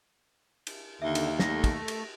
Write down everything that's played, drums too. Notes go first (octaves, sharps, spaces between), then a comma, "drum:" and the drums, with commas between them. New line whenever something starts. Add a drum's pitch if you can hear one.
drum: cymbal
D#2 D3 E5
drum: cymbal
A3 A#6, drum: snare
drum: kick, cymbal
drum: cymbal